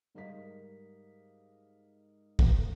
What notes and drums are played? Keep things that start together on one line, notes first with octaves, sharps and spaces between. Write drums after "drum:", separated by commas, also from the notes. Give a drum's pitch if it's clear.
G#2 G3 A#4 D#5 F5 B6
drum: kick